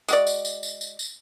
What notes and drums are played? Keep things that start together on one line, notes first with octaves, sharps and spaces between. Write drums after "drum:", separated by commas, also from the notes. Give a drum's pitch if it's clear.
G#3 F#4 D5, drum: tambourine
drum: tambourine
drum: tambourine
drum: tambourine
drum: tambourine
drum: tambourine